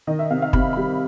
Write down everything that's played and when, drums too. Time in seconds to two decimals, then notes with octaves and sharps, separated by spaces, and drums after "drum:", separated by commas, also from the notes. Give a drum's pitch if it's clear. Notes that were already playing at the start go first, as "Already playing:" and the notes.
0.07 D#3 D#5
0.19 E5
0.30 C3 F5
0.42 F5
0.53 C3 B5, drum: kick
0.73 G3 B5